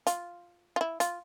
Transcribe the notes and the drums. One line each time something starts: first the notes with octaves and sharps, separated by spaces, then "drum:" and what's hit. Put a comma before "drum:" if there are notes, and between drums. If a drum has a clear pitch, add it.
F4, drum: hi-hat
F4
E4
F4, drum: hi-hat